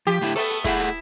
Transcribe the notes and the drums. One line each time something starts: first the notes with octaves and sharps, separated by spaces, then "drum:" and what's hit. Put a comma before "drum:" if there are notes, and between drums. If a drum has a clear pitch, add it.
F3 G4
A2 D3 E4
A3 B3 A4, drum: open hi-hat
drum: hi-hat
A3 E4 G#4 F#5, drum: kick, hi-hat
drum: hi-hat